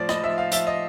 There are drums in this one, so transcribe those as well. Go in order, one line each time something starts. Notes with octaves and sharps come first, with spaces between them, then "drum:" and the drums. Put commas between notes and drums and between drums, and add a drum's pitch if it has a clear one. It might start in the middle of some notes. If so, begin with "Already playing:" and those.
Already playing: A2 F3 C5 D5
D#5, drum: rim click
F3 E5
F5
F3 E5, drum: hi-hat
D#5